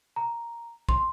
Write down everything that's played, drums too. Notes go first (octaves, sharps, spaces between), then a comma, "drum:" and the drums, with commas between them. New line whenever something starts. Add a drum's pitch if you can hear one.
A#5
C6, drum: kick